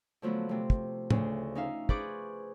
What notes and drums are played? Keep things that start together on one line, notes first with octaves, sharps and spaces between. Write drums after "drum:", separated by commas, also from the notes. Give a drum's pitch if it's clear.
D3 F3 F#3 A3 B3
C3 A3
drum: kick
D2 C#3, drum: tom A2
C#4 D#4 E5 F5
G#4 B4 C5 D5 C#6 D6, drum: kick